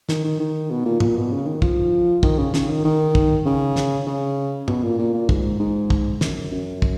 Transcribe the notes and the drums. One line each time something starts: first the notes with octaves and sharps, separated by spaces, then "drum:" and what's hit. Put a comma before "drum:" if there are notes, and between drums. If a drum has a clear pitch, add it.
D#3, drum: snare
D#3
D#3
B2
A#2
A#2, drum: tom
B2
C#3
D#3
F3, drum: kick
D#3, drum: kick
C#3
C#3, drum: snare
D#3
D#3
drum: kick
C#3
drum: snare
C#3
B2, drum: tom
A#2
A#2
A#2
G#2, drum: kick
G#2
drum: kick
F#2, drum: snare
F#2
drum: kick